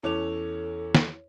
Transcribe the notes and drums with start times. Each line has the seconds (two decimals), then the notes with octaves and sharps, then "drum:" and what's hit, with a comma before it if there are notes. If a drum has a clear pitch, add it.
0.03 E2 C#4 E4 A4 C#5 D6 F7
0.95 drum: snare